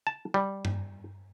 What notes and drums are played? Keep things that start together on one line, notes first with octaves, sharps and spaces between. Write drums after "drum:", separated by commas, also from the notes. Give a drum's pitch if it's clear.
A5
G3
drum: tom G2